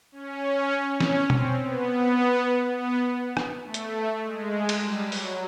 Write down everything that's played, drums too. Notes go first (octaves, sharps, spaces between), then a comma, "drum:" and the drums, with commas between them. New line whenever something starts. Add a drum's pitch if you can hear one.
C#4
C#4, drum: snare
C4, drum: tom
B3
B3
drum: rim click
A3
drum: hi-hat
G#3
drum: cymbal
G3
F#3, drum: open hi-hat